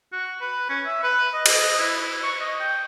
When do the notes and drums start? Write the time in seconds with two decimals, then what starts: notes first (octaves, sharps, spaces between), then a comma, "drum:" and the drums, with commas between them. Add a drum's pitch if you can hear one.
0.13 F#4
0.41 B4
0.69 C#4
0.86 E5
1.03 B4
1.34 D#5
1.46 drum: cymbal
1.79 E4
2.01 E4
2.23 C#6
2.41 D#5
2.60 G5